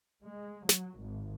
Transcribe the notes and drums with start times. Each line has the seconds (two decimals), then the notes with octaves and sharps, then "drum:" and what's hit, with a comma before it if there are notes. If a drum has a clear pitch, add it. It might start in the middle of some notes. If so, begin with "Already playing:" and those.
0.23 G#3
0.69 F#3, drum: snare
0.99 G#1